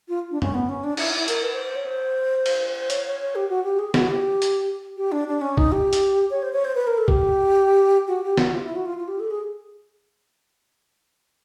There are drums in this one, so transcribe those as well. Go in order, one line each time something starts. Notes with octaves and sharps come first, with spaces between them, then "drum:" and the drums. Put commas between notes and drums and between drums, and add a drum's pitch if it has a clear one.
F4
D4
C#4, drum: tom F#2
B3
C#4
D4
E4, drum: cymbal
E4
A#4, drum: hi-hat
B4
C5
C5
C#5
C5
drum: cymbal
C5
C#5, drum: hi-hat
C#5
C#5
G4
F#4
G4
G#4
F#4, drum: snare
G4
drum: hi-hat
G4
D4
D4
C#4
D#4, drum: kick
G4
drum: hi-hat
C#5
C5
C#5
C5
B4
A#4
A4
G4, drum: kick
F#4
G4
F#4, drum: snare
F4
E4
F#4
F4
F4
G4
A4
G#4